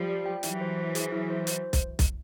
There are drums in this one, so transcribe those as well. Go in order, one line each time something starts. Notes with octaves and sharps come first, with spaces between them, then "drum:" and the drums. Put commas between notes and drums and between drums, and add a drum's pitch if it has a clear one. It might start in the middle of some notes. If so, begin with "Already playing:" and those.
Already playing: F3 G3
D5
G5
E3 F#3 E4, drum: hi-hat
C5
C5
G#4, drum: hi-hat
E4
C5
C5, drum: hi-hat
drum: kick B1, hi-hat
drum: kick B1, hi-hat